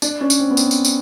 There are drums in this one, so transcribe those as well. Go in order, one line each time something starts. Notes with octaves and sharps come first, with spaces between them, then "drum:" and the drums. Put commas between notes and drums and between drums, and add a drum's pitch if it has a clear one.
D4, drum: tambourine
C#4
drum: tambourine
C4
B3
C4, drum: tambourine
drum: tambourine
drum: tambourine